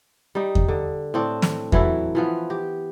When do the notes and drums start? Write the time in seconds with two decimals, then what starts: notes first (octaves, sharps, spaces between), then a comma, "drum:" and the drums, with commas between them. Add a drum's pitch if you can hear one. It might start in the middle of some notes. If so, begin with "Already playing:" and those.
0.35 G3 D#4
0.55 drum: kick E2
0.68 D3
1.14 A2 C4 D4
1.42 drum: snare
1.72 E3 F#3 E4 A4, drum: kick E2
2.15 E3 F3 B3
2.50 G4